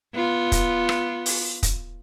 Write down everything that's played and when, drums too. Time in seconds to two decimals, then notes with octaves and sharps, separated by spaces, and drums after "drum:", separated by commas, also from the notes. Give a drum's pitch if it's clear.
0.15 B3 F4
0.52 drum: kick, hi-hat
0.89 drum: rim click
1.26 drum: open hi-hat
1.63 drum: kick, hi-hat